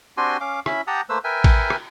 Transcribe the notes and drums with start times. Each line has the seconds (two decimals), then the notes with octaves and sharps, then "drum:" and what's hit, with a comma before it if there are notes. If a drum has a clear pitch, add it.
0.17 C4 D4 F#4 G4 G#5 C6
0.40 C#4 F5 D6
0.66 C#4 E4 E5 B5, drum: rim click
0.87 G4 F#5 G5 A5 A#5 D#6
1.09 A3 A#3 B4 C5 E6
1.24 A#4 B4 E5 G5 G#5
1.44 drum: kick A1, cymbal
1.70 drum: rim click